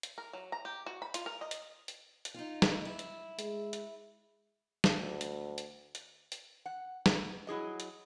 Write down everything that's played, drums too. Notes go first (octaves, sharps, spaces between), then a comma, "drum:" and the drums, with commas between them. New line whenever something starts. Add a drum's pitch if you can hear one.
drum: hi-hat
A#4
F#3
A#5
G4
F#4
B5
F4, drum: hi-hat
A#4
D#5
drum: hi-hat
drum: hi-hat
drum: hi-hat
D#4 F4
drum: snare
E4
drum: hi-hat
G#3, drum: hi-hat
drum: hi-hat
drum: snare
D2
drum: hi-hat
drum: hi-hat
drum: hi-hat
drum: hi-hat
F#5
drum: snare
F#3 E4 G#4 D#5
drum: hi-hat